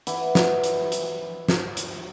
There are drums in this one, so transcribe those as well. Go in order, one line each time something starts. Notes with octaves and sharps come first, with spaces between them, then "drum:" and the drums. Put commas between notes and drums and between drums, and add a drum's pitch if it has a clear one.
E3 E4 F#5 D6, drum: hi-hat
drum: snare
drum: hi-hat
drum: hi-hat
drum: snare
drum: hi-hat